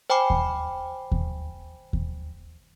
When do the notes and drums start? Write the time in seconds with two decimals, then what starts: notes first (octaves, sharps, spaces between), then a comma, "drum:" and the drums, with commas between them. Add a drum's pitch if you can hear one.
0.10 C5 G5 G#5 B5 D6
0.30 drum: kick D#2
1.12 drum: kick D#2
1.93 drum: kick D#2